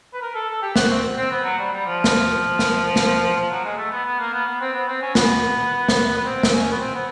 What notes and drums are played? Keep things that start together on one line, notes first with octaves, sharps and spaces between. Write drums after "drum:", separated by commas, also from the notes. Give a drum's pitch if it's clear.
B4
A#4
A4
A4
G4
F#4, drum: snare
C4
C4
B3
F#3
G3
G3
F3
drum: snare
drum: snare
drum: snare
F3
F#3
G#3
A3
B3
B3
A#3
B3
B3
C4
B3
C4
C#4
B3, drum: snare
drum: snare
B3
C4
drum: snare
C#4
B3
C4
B3